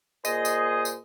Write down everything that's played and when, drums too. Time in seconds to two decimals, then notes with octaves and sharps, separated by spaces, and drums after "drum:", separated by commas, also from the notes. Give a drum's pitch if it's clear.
0.25 A#2 G#4 C5 D#5, drum: tambourine
0.45 drum: tambourine
0.85 drum: tambourine